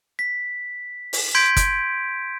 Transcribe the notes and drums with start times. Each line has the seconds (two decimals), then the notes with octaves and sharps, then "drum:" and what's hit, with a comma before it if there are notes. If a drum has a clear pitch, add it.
0.19 B6
1.13 drum: open hi-hat
1.35 C6 G6 G#6 B6 D7
1.56 drum: kick G1, hi-hat